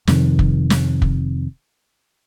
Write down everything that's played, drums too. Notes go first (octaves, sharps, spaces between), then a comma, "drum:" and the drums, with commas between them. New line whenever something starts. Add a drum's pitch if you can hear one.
F2 C3 D#3, drum: snare
drum: kick
drum: snare
drum: kick